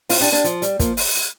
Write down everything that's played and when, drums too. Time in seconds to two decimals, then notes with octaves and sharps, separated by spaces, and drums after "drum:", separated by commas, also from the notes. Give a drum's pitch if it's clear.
0.09 C4 F4, drum: open hi-hat
0.21 D4 G4
0.32 D4 G4
0.44 F3, drum: hi-hat
0.62 G3, drum: hi-hat
0.80 F3 A#3, drum: kick, hi-hat
0.97 drum: open hi-hat
1.15 drum: hi-hat